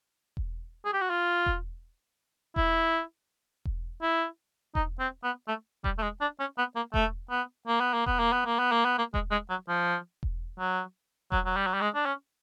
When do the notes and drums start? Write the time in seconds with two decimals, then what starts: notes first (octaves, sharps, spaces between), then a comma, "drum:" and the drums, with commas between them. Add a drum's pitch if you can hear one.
0.37 drum: kick E1
0.85 G#4
0.93 G4
1.02 F#4
1.10 F4
1.46 drum: kick E1
2.56 E4, drum: kick E1
3.65 drum: kick E1
4.02 E4
4.75 D#4, drum: kick E1
5.00 C4
5.24 B3
5.48 A3
5.84 G3, drum: kick E1
5.98 A3
6.03 G#3
6.21 D4
6.40 C#4
6.58 B3
6.76 A#3
6.94 A3, drum: kick E1
7.30 B3
7.68 A#3
7.80 B3
7.94 A#3
8.06 B3, drum: kick E1
8.19 A#3
8.33 B3
8.46 A#3
8.59 B3
8.72 A#3
8.85 B3
8.98 A#3
9.14 G#3, drum: kick E1
9.31 G#3
9.49 F#3
9.68 F3
10.23 drum: kick E1
10.59 F#3
11.32 F#3, drum: kick E1
11.45 F#3
11.56 G3
11.67 F#3
11.74 G3
11.81 G#3
11.95 D4
12.05 C#4